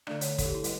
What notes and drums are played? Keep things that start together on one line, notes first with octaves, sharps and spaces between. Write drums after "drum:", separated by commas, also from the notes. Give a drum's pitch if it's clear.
D3 A3 D4 D5, drum: rim click
C#5, drum: hi-hat
A4, drum: kick, hi-hat
G4
E4
G3 B4, drum: hi-hat